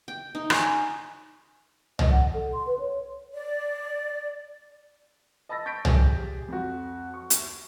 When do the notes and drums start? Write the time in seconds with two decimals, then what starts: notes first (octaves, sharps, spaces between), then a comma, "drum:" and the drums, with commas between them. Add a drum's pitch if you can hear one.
0.08 G5
0.35 D#4
0.50 C#4, drum: rim click
1.99 D#5, drum: tom
2.11 F#5
2.34 A4
2.53 C6
2.67 B4
2.79 C#5
3.33 D5
5.49 D#5 A5 B5 E6 A6 A#6
5.66 C#6 G6 A6 B6 D7
5.85 G4 G#4, drum: tom
6.48 F2 F#4
7.14 C#6
7.30 drum: hi-hat